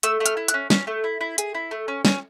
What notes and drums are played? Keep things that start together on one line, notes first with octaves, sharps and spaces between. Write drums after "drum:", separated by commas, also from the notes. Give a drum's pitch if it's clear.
A3 E6, drum: hi-hat
A3
F6, drum: hi-hat
E4
F#6, drum: hi-hat
C#4
C#4 F6, drum: snare
A3
E4
E4
G#4, drum: hi-hat
E4
A3
C#4
C#4, drum: snare